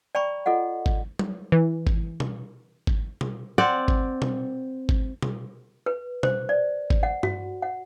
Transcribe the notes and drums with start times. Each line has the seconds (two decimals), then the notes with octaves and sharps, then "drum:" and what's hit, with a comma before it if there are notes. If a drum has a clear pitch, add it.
0.15 D5 G5 A#5 B5 C#6
0.46 F4 A4 D#5 F#5
0.86 drum: kick G#1
1.19 drum: tom F#3
1.52 E3
1.87 drum: kick G#1
2.20 drum: tom
2.87 drum: kick G#1
3.21 drum: tom
3.58 C4 D5 F#5
3.88 drum: kick G#1
4.22 drum: tom
4.89 drum: kick G#1
5.22 drum: tom
5.86 B4
6.23 C5, drum: tom
6.49 D5
6.90 drum: kick G#1
7.03 F#5
7.23 F#4, drum: tom G2
7.62 F#5